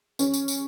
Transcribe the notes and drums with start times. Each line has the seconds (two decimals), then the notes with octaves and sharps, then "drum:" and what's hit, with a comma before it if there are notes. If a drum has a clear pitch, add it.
0.19 C#4, drum: tambourine
0.34 drum: tambourine
0.48 drum: tambourine